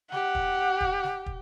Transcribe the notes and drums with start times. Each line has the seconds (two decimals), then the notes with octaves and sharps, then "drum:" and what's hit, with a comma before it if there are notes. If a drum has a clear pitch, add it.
0.12 G4 F#5, drum: snare
0.35 drum: kick
0.81 drum: kick
1.03 drum: snare
1.26 drum: kick